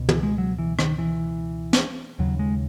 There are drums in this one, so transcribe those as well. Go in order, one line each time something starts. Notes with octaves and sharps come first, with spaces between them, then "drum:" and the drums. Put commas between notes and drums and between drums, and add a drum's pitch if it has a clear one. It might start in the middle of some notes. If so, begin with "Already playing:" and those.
Already playing: C#2 B2
E3, drum: tom
G#3
F#3
E3
D#3, drum: rim click
E3
drum: snare
D#2 C#3 F#3
G#3